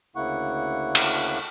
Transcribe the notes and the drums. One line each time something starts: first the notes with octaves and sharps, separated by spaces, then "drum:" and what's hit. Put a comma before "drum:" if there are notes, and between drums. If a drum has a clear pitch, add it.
D2 C#3 A#3 E4 F#5 C#6
drum: cymbal